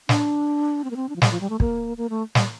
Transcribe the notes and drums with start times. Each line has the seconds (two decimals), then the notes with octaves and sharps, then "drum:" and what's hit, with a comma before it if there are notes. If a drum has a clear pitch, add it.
0.09 D4, drum: snare
0.84 C4
0.91 A#3
0.96 C4
1.09 D4
1.16 F3
1.22 G3, drum: snare
1.31 F3
1.41 G3
1.50 A3
1.60 A#3, drum: kick
1.97 A#3
2.10 A3
2.35 G3, drum: snare